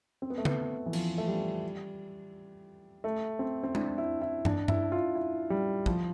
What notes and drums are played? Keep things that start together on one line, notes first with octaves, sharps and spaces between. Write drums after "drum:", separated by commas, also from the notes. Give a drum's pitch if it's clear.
C4
B3
A3
B3, drum: tom C#3
E3
F3, drum: cymbal
A3
G3
A3
C4
C4
D4, drum: tom
E4
E4
D4, drum: tom G2
E4, drum: tom G2
F4
E4
G3
F3, drum: kick